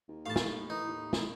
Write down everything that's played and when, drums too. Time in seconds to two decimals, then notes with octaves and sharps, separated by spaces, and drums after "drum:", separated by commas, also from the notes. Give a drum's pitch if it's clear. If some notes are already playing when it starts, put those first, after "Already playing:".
0.08 D#2
0.26 A2 F5 A5
0.36 drum: snare
0.70 E3 D#4
0.87 D#2
1.13 C#2, drum: snare